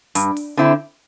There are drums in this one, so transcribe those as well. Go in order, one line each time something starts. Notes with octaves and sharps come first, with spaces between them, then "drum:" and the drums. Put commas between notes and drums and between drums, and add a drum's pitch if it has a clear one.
G2, drum: hi-hat
drum: open hi-hat
D3 C4 E4